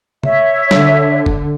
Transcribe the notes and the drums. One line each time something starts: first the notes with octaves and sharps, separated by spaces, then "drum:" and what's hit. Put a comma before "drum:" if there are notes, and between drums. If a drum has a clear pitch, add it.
C#5 E5, drum: tom C3
D3, drum: snare
drum: kick F#1